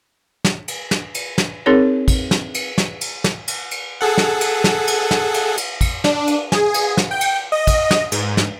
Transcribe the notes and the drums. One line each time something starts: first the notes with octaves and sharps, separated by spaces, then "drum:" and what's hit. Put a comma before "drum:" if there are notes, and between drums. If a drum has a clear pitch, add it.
drum: snare
drum: cymbal
drum: snare
drum: cymbal
drum: snare
C4 D#4 G#4 A#4 C#5
drum: kick, cymbal
drum: snare
drum: cymbal
drum: snare
drum: cymbal
drum: snare
drum: cymbal
drum: cymbal
G#4 A4 F#5
drum: snare
drum: cymbal
drum: snare
drum: cymbal
drum: snare
drum: cymbal
drum: cymbal
drum: kick, cymbal
D4, drum: snare
drum: cymbal
G#4, drum: snare
drum: cymbal
drum: snare
G5
drum: cymbal
D#5
drum: kick, cymbal
drum: snare
G#2, drum: cymbal
drum: snare